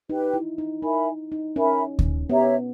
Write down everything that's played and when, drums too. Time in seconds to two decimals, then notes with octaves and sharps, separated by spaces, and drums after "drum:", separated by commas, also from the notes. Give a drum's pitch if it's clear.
0.10 D#4 G4 B4 G5
0.34 E4
0.58 D#4
0.82 D#4 A#4 E5 G#5 B5
1.32 D#4
1.56 C#4 A#4 E5 G#5 B5
1.99 drum: kick D2
2.30 B3 G4 C#5 E5 A#5